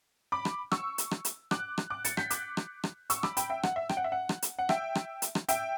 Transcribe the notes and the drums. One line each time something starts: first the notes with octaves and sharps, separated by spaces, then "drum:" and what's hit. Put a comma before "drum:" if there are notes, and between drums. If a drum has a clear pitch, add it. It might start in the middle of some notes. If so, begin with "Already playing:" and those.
B5 D6
drum: rim click
C#6 E6, drum: rim click
drum: hi-hat
drum: rim click
drum: hi-hat
D6 F#6, drum: rim click
drum: rim click
D6 F#6
A6 C#7, drum: hi-hat
G6 B6, drum: rim click
D6 F#6, drum: hi-hat
drum: rim click
drum: rim click
C#6 E6, drum: hi-hat
B5 D6, drum: rim click
G5 B5, drum: hi-hat
E5 G5
F#5, drum: rim click
E5
G5, drum: rim click
F#5
E5
F#5
drum: rim click
drum: hi-hat
F#5
E5 G5, drum: rim click
drum: rim click
drum: hi-hat
drum: rim click
E5 G5, drum: hi-hat